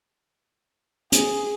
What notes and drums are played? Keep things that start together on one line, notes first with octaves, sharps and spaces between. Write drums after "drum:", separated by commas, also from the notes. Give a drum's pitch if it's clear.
G#4, drum: hi-hat